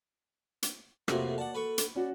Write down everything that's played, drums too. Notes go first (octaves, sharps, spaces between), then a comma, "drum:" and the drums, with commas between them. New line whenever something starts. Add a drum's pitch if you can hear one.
drum: hi-hat
F2 A2 C3 A#3 F#4, drum: rim click
D5 F#5 A5
A4 B4 C#6
drum: hi-hat
C#4 F#4 C#5 D5